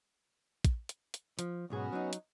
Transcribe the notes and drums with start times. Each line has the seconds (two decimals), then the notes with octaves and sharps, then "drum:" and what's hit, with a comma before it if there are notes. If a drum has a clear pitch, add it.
0.65 drum: kick, hi-hat
0.89 drum: hi-hat
1.14 drum: hi-hat
1.39 F3, drum: hi-hat
1.70 B1 G#2 B3 C#4 F#4 G#4
1.93 F#3 D#4
2.13 drum: hi-hat